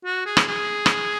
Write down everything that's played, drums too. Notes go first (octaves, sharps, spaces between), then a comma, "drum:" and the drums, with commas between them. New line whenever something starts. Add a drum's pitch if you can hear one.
F#4
G#4
drum: rim click
G#4
drum: rim click